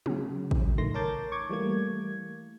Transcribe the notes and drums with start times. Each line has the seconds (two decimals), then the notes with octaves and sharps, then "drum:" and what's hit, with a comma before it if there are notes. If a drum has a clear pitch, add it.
0.06 C#3 F#3, drum: tom
0.51 drum: kick A1
0.78 A1 D#3 A3 C6 A#6
0.94 A#4 C#5 A5 D6 G6 A6
1.32 C#6 D6 G#6
1.49 E3 G3 A3 A#3 G#6